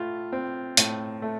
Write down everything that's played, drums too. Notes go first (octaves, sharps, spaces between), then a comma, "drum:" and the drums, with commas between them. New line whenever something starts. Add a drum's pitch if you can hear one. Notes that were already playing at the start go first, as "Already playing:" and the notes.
Already playing: A2 A3 F4
C4
A2, drum: hi-hat
A3